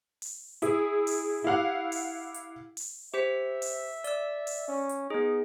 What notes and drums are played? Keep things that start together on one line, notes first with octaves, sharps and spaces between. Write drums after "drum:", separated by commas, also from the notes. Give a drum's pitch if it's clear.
drum: open hi-hat
E4 G#4, drum: hi-hat
drum: open hi-hat
E4 G4 F5 F#5
drum: open hi-hat
drum: hi-hat
drum: open hi-hat
G4 C5 E5 B6
drum: open hi-hat
D5 E6, drum: hi-hat
drum: open hi-hat
C#4
drum: hi-hat
B3 D#4 G#4